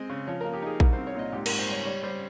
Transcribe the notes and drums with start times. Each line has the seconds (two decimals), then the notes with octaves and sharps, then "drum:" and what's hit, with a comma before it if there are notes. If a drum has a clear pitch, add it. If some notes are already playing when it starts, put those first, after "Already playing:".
Already playing: G#3 C4 D#5
0.10 C#3
0.27 F3 C#5
0.41 A#3 A#4
0.53 G4
0.62 D#4 G#4
0.80 C2 A#4, drum: kick A#1
0.93 C5
0.98 C4
1.07 C#5
1.15 A#2 D#5
1.32 G#2 G4
1.46 G#2 A#4, drum: cymbal
1.59 C5
1.67 G3 C#5
1.85 G3 C#5
2.03 G3 C5